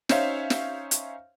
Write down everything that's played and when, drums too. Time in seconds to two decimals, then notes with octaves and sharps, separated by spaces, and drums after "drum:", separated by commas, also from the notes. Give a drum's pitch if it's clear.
0.09 C#4 D#4 C5 C#5 E5 F5, drum: snare
0.50 drum: snare
0.91 drum: hi-hat